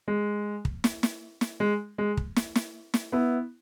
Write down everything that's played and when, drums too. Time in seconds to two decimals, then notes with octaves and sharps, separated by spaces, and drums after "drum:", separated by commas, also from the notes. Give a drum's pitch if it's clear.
0.08 G#3
0.65 drum: kick
0.84 drum: snare
1.03 drum: snare
1.41 drum: snare
1.60 G#3
1.98 G#3
2.17 drum: kick
2.36 drum: snare
2.55 drum: snare
2.94 drum: snare
3.12 B3 E4